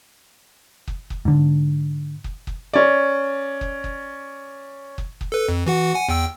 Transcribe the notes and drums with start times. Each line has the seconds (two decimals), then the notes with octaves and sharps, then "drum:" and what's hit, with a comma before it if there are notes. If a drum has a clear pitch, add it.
0.87 drum: kick
1.10 drum: kick
1.25 G#2 D3
2.24 drum: kick
2.47 drum: kick
2.73 C#4 D5
3.61 drum: kick
3.84 drum: kick
4.98 drum: kick
5.21 drum: kick
5.32 A4 B4
5.49 F2
5.66 E3 F#4 F#5
5.94 F#5 G#5
6.09 E2 G5 E6